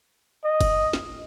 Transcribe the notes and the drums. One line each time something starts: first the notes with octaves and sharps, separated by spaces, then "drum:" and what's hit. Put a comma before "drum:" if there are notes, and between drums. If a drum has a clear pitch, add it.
D#5
drum: kick, cymbal
drum: snare